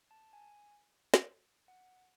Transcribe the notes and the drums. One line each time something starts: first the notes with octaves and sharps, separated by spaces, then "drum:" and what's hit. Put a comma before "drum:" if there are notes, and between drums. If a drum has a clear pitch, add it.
A5
G#5
drum: snare
F#5